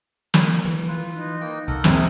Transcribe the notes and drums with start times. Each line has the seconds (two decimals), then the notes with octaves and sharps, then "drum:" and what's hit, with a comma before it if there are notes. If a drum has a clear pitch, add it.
0.34 drum: snare
0.65 E3
0.88 F4 B4
1.13 D#4
1.41 A#3 G5
1.67 C2 A4 A#4 F#5
1.84 E2 C3 G#3 G#4, drum: snare